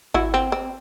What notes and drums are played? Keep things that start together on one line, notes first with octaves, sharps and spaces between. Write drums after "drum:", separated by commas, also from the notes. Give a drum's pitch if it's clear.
E4 F#4, drum: kick G#1
C4
C4